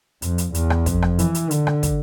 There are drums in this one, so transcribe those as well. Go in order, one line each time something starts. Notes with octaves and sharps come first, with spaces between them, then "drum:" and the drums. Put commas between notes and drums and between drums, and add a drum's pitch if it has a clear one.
F2, drum: hi-hat
drum: hi-hat
E2, drum: hi-hat
drum: rim click
F2, drum: kick, hi-hat
drum: rim click
E3, drum: hi-hat
drum: hi-hat
D3, drum: hi-hat
drum: rim click
drum: kick, hi-hat